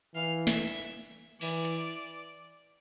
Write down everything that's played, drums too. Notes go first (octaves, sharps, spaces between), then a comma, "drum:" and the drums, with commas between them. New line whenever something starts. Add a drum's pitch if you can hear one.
E3 F5
E5, drum: snare
E3 D5, drum: cymbal
drum: hi-hat